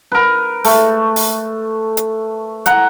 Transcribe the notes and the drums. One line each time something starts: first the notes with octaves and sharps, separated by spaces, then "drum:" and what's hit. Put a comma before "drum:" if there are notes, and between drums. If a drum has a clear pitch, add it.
A#4 B4
A3, drum: open hi-hat
drum: open hi-hat
drum: hi-hat
F#5 A#5, drum: hi-hat